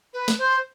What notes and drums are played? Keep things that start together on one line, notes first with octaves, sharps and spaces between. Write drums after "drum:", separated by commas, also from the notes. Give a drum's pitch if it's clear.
B4
drum: snare
C5